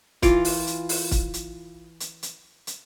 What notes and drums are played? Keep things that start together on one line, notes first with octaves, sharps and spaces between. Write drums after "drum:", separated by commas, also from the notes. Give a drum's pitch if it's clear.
E3 F4 F5 D6, drum: kick, hi-hat
drum: open hi-hat
drum: hi-hat
drum: open hi-hat
drum: kick, hi-hat
drum: hi-hat
drum: hi-hat
drum: hi-hat
drum: hi-hat